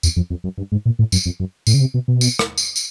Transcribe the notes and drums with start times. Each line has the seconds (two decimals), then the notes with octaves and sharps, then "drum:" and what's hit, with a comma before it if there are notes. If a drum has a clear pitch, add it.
0.03 E2, drum: tambourine
0.16 F2
0.30 F2
0.44 F#2
0.58 G2
0.72 G#2
0.85 A#2
0.99 A2
1.12 F#2, drum: tambourine
1.26 F2
1.40 F#2
1.67 A2, drum: tambourine
1.74 C#3
1.80 C3
1.94 B2
2.08 B2
2.21 drum: tambourine
2.39 drum: rim click
2.58 drum: tambourine
2.76 drum: tambourine